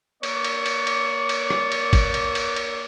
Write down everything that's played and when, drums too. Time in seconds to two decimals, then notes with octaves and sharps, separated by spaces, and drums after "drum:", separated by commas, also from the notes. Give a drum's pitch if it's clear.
0.23 A#3 C#5 D5, drum: cymbal
0.44 drum: cymbal
0.66 drum: cymbal
0.87 drum: cymbal
1.29 drum: cymbal
1.50 drum: rim click
1.72 drum: cymbal
1.93 drum: kick, cymbal
2.14 drum: cymbal
2.35 drum: cymbal
2.56 drum: cymbal